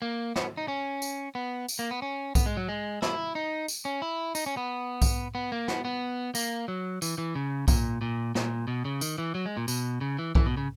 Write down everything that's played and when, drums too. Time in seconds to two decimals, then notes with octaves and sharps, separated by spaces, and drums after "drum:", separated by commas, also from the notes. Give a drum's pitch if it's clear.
0.02 A#3
0.36 B3, drum: snare
0.57 D#4
0.68 C#4
1.02 drum: tambourine
1.35 B3
1.68 drum: tambourine
1.79 A#3
1.91 B3
2.02 C#4
2.35 B3, drum: kick B1, tambourine
2.46 G#3
2.57 F#3
2.69 G#3
3.02 E4, drum: snare
3.35 D#4
3.68 drum: tambourine
3.85 C#4
4.02 E4
4.35 D#4, drum: tambourine
4.46 C#4
4.57 B3
5.02 drum: kick B1, tambourine
5.35 B3
5.52 A#3
5.68 B3, drum: snare
5.85 B3
6.35 A#3, drum: tambourine
6.68 F#3
7.02 E3, drum: tambourine
7.18 E3
7.35 C#3
7.68 A#2, drum: kick B1, tambourine
8.01 A#2
8.35 A#2, drum: snare
8.67 B2
8.85 C#3
9.01 D#3, drum: tambourine
9.18 E3
9.35 F#3
9.46 G#3
9.57 A#2
9.68 B2, drum: tambourine
10.01 C#3
10.19 E3
10.35 E3, drum: kick B1
10.46 B2
10.57 C#3